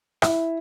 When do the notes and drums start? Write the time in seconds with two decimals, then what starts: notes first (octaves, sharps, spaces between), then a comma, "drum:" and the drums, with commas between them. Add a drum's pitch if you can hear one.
0.22 E4, drum: rim click